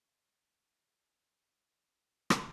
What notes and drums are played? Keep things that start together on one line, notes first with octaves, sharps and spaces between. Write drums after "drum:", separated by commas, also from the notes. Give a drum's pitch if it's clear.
A2 D#3 F3
D3 F3 G3 G#3
D1 A3 C4 C#4
E2 A#2 D3 E3
B1 E2 D#3 F#3
drum: rim click